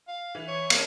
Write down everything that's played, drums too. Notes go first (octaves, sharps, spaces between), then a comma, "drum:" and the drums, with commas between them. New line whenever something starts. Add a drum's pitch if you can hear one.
F5
E3
C#5
A#3 C#4, drum: cymbal